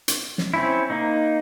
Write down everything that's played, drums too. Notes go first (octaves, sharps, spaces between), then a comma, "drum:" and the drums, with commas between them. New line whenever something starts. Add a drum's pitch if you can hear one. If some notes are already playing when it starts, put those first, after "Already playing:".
drum: hi-hat
drum: snare
C4 C#4 E4
A#3 D#4